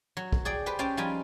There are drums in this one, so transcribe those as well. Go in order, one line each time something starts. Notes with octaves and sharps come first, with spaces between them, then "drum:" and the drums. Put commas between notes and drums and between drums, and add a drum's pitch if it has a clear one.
F#3
drum: kick
G#4 D5 G5
G4 B4 C5
C#4 C5 G5 A5
F3 G3 D#4 F4 G#5